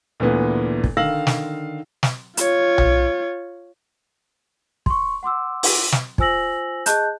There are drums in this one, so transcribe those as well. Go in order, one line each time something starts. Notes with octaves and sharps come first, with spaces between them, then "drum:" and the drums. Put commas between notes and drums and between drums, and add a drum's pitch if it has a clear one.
D2 A#2 E3 B3
drum: kick
D3 D#3 F5 E6 A#6 F#7
drum: snare
drum: snare
F4 C#5, drum: hi-hat
drum: tom B1
C6 C#6, drum: kick
F#5 C6 D6 E6
drum: open hi-hat
drum: snare
F4 C5 G#5 E6 A#6 F#7, drum: kick
G#4 D#5 A5 F#6 G6, drum: hi-hat